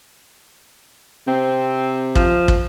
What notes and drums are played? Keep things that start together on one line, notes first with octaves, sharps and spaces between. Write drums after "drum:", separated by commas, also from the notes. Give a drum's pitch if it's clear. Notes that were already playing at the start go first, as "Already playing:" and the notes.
C3 C4
F3, drum: kick
drum: kick